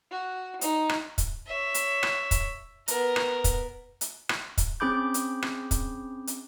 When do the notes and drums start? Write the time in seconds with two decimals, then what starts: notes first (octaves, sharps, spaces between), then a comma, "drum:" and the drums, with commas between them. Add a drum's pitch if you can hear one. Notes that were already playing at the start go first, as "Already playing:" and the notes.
0.11 F#4
0.61 D#4, drum: hi-hat
0.89 drum: rim click
1.18 drum: kick, hi-hat
1.47 C#5 E5
1.74 drum: hi-hat
2.03 drum: rim click
2.31 drum: kick, hi-hat
2.88 B3 A#4, drum: hi-hat
3.16 drum: rim click
3.44 drum: kick, hi-hat
4.01 drum: hi-hat
4.29 drum: rim click
4.58 drum: kick, hi-hat
4.80 C4 C#4 G#4 B5 D6 G6
5.14 drum: hi-hat
5.42 drum: rim click
5.71 drum: kick, hi-hat
6.27 drum: hi-hat